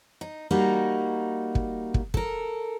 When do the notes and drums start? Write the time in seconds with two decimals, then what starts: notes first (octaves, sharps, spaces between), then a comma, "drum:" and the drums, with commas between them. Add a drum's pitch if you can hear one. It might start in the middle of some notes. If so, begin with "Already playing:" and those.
0.21 D#4
0.51 G3 A#3 D#4 F#4
1.55 drum: kick
1.94 drum: kick
2.14 A4 A#4, drum: kick